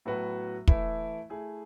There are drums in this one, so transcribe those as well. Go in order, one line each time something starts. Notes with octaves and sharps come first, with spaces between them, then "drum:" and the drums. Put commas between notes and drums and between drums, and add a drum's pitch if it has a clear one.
A2 F#3 B3 F#4 B4
E3 A3 E4, drum: kick
A3 E4 G#4